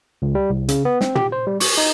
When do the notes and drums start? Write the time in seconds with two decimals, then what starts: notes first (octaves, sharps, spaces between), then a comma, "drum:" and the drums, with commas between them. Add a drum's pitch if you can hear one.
0.22 C#2
0.35 G3
0.50 C2
0.68 C#3, drum: hi-hat
0.85 B3
1.01 C4, drum: snare
1.15 G4, drum: tom
1.32 C5
1.47 G3
1.60 C#6, drum: open hi-hat
1.78 D#4